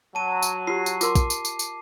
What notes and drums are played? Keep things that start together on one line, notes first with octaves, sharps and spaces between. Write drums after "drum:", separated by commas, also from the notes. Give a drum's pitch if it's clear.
F#3 A5 D#7
drum: tambourine
F4 G4 C7
drum: tambourine
F4 A#4 C6 D6, drum: tambourine
drum: kick, tambourine
drum: tambourine
drum: tambourine
drum: tambourine